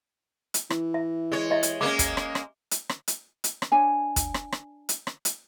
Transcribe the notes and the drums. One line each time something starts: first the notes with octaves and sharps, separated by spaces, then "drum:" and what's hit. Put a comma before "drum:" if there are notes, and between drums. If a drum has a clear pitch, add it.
drum: hi-hat
E3, drum: rim click
E5
G#3 C#5
G4 D#5 E5
drum: hi-hat
G#3 A#3 C#4 D6
drum: kick, hi-hat
drum: rim click
drum: rim click
drum: hi-hat
drum: rim click
drum: hi-hat
drum: hi-hat
drum: rim click
D4 C#5 G#5
drum: kick, hi-hat
drum: rim click
drum: rim click
drum: hi-hat
drum: rim click
drum: hi-hat